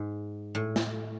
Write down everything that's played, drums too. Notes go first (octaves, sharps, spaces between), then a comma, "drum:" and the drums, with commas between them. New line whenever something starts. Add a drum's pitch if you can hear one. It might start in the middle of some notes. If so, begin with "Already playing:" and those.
Already playing: G#2
A2
drum: snare